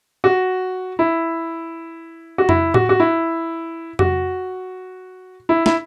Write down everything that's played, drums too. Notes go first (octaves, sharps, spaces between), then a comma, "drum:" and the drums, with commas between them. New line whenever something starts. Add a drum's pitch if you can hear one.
F#4
E4
F#4
E4, drum: tom F2
F#4, drum: tom A2
F#4
E4
F#4, drum: tom F2
E4
E4, drum: snare